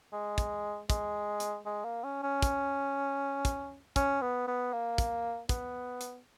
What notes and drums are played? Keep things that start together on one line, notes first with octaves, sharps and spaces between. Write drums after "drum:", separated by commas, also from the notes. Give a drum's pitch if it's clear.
G#3
drum: kick, hi-hat
G#3, drum: kick, hi-hat
drum: hi-hat
G#3
A#3
C#4
C#4
drum: kick, hi-hat
drum: kick, hi-hat
C#4, drum: kick, hi-hat
B3
B3
A#3
drum: kick, hi-hat
B3, drum: kick, hi-hat
drum: hi-hat